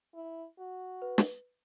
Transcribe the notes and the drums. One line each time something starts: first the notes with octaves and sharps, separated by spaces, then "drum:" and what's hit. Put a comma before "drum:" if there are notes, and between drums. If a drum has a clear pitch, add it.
E4
F#4
B4
drum: snare